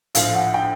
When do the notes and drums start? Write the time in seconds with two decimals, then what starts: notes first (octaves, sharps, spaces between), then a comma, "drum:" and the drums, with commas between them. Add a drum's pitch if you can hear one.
0.15 A#1 A2 F3 F5, drum: hi-hat
0.35 F#5
0.54 G5